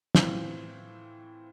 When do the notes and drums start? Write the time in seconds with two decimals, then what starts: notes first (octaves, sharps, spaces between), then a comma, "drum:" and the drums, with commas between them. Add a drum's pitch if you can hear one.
0.15 A2 E3 C4 F4, drum: snare